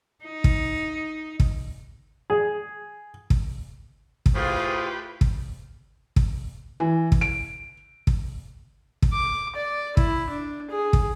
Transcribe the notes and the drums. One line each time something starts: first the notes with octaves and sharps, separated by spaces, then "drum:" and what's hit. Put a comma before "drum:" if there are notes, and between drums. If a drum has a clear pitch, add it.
D#4
drum: kick
drum: kick
G#4
drum: kick
drum: kick
A2 A3 F4 G4 G#4 B4 C5
drum: kick
drum: kick
E3
drum: kick
D7
drum: kick
drum: kick
D6
D5
E4, drum: kick
D4
G#4
drum: kick